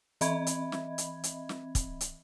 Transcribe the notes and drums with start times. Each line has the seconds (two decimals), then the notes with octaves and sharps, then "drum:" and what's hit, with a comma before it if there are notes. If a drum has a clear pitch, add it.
0.21 E3 C4 D#5 E5 B5 G#6, drum: hi-hat
0.47 drum: hi-hat
0.72 drum: snare
0.98 drum: hi-hat
1.24 drum: hi-hat
1.49 drum: snare
1.75 drum: kick, hi-hat
2.01 drum: hi-hat